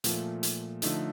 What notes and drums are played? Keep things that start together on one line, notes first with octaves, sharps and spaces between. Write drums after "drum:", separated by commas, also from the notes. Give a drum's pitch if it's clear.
A#2 F3 A3, drum: hi-hat
drum: hi-hat
D3 F3 A3 D#4, drum: hi-hat